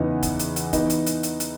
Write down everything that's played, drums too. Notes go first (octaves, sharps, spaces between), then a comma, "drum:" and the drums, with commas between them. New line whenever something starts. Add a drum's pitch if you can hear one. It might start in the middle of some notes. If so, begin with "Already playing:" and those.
Already playing: E2 C#3 E3 B3 D#4
drum: kick, hi-hat
drum: hi-hat
drum: hi-hat
E3 B3 D#4, drum: kick, hi-hat
drum: hi-hat
drum: hi-hat
drum: hi-hat
drum: hi-hat